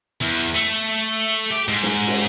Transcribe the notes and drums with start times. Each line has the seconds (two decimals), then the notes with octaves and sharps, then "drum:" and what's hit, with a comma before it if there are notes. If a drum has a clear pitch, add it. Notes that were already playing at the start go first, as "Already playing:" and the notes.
0.21 E2
0.55 A3
1.51 G4
1.68 G#2
1.83 drum: snare
2.07 drum: cymbal